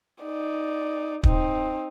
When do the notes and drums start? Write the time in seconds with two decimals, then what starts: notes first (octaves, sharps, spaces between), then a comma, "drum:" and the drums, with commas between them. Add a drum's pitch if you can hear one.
0.23 D#4 D5
1.23 C4 D#4, drum: kick